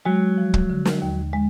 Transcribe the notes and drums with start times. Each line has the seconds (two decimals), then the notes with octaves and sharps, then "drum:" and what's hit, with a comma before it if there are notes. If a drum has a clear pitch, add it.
0.05 F#3 G#3
0.38 F3
0.54 drum: kick
0.70 D3
0.85 drum: snare
1.02 D#2
1.33 G#3